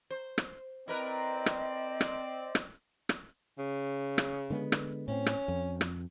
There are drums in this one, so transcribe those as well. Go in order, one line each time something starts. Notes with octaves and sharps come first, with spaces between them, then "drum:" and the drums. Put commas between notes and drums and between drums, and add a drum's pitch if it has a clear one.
C5
drum: rim click
C4 E4 A#4 B4 D5 D#5
drum: rim click
drum: rim click
drum: rim click
drum: rim click
C#3
drum: rim click
D3 G#3 B3
drum: rim click
A2 C4 C#4
drum: rim click
F2
drum: rim click